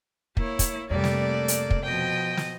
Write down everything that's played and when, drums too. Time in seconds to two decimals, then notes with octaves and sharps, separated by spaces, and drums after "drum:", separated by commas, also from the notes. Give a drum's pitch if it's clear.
0.37 A#3 E4 C#5, drum: kick
0.59 drum: kick, hi-hat
0.90 F2 C3 G3 A3 A#3 D5
1.04 drum: snare
1.48 drum: hi-hat
1.70 drum: kick
1.85 B2 F3 D#5 G5
2.37 drum: snare